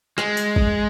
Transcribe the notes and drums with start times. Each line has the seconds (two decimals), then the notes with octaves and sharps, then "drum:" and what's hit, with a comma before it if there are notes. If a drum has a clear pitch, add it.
0.18 G#3, drum: rim click
0.37 drum: tambourine
0.56 drum: kick